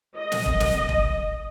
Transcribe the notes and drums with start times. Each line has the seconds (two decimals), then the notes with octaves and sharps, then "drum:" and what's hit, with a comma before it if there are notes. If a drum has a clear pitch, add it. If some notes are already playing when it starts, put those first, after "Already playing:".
0.17 D#5
0.32 drum: snare
0.46 drum: kick E1
0.60 drum: snare
0.89 drum: kick E1